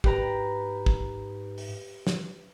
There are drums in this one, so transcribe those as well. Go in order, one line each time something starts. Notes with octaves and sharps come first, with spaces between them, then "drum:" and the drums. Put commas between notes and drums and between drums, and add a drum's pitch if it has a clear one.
G#2 G4 B4 A#5, drum: kick
drum: kick
drum: open hi-hat
drum: snare